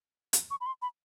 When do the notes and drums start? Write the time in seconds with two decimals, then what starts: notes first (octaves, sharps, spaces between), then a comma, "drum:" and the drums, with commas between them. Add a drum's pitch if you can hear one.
0.33 drum: hi-hat
0.51 C#6
0.61 B5
0.66 C6
0.82 B5